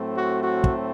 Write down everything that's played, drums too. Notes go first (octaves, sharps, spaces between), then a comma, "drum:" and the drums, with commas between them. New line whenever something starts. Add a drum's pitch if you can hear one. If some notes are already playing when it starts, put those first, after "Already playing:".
Already playing: A2 F#3 A3 C4
F#4
F#4
drum: kick